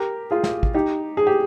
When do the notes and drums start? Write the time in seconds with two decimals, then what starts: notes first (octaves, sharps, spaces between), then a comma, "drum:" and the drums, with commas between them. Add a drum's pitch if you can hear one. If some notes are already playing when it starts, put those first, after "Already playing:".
Already playing: G4 A#4
0.31 F4 G#4
0.44 drum: snare
0.63 drum: kick
0.74 D#4 G4
1.17 G#4
1.27 G4